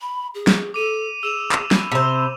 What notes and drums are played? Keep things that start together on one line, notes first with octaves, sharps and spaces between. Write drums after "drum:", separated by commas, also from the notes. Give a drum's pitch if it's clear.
B5
G#4
drum: snare
A4 D6 D#7
G#4 E6 E7 F7
drum: clap
B5, drum: snare
C3 C5